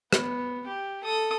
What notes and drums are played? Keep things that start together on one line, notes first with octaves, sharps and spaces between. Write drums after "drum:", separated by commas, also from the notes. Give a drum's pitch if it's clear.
B3, drum: rim click
G4
A4 D#6